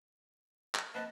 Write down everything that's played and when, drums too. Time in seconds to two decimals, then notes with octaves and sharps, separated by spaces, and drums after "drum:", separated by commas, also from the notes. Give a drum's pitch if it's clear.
0.75 drum: clap
0.95 A#3 C4 B4 D#5 F#5 A5